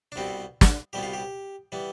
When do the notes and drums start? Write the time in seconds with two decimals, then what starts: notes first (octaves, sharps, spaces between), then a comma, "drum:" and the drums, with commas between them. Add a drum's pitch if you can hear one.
0.12 D4
0.16 C2 B2 G3 B3 C4
0.61 drum: snare
0.93 C2 B2 G3 B3 G4
1.03 F4
1.13 G4
1.72 E3 G3 B3